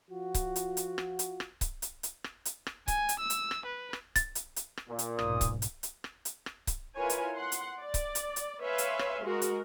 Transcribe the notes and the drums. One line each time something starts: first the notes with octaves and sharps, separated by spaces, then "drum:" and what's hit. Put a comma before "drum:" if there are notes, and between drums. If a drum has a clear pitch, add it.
F3 F4 F#4
drum: kick C#1, hi-hat
drum: hi-hat
drum: hi-hat
drum: rim click
drum: hi-hat
drum: rim click
drum: kick C#1, hi-hat
drum: hi-hat
drum: hi-hat
drum: rim click
drum: hi-hat
drum: rim click
G#5, drum: kick C#1, hi-hat
drum: hi-hat
E6
drum: hi-hat
drum: rim click
B4
drum: rim click
A6, drum: kick C#1, hi-hat
drum: hi-hat
drum: hi-hat
drum: rim click
A#2
drum: hi-hat
B1 G#2 D#6, drum: rim click
drum: kick C#1, hi-hat
drum: hi-hat
drum: hi-hat
drum: rim click
drum: hi-hat
drum: rim click
drum: kick C#1, hi-hat
E4 F4 A#4 B4 C#5 G#5
drum: hi-hat
F#5 C6
drum: hi-hat
D5
drum: kick C#1, hi-hat
drum: hi-hat
drum: hi-hat
B4 C#5 E5 F5 G#5 C6
drum: hi-hat
drum: rim click
G#3 F#4 A#4
drum: hi-hat